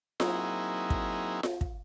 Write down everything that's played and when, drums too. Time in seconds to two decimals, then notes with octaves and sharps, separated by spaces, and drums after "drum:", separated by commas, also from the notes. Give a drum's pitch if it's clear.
0.20 F#3 A#3 C4 D#4 E4 G#4, drum: snare F4
0.90 drum: kick
1.43 drum: snare F4
1.61 drum: kick